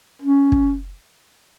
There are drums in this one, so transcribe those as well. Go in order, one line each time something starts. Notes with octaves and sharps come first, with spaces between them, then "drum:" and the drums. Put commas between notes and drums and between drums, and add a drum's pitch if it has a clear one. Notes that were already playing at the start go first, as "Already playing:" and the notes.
C#4
drum: kick